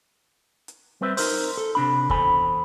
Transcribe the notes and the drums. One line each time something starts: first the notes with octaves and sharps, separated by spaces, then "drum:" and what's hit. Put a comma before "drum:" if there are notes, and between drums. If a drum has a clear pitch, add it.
drum: hi-hat
G3 C4 B4 C5 E5
D#4 A#4 C5, drum: open hi-hat
A4
C3 D4 B5
E2 A4 C5 G#5 B5, drum: kick